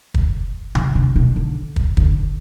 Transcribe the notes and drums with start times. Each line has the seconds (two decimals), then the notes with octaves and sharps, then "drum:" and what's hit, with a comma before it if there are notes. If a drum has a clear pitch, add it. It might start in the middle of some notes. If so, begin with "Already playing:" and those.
0.14 drum: kick
0.75 E3, drum: tom C3
0.95 D3
1.16 B2
1.36 D3
1.76 drum: kick
1.97 D3, drum: kick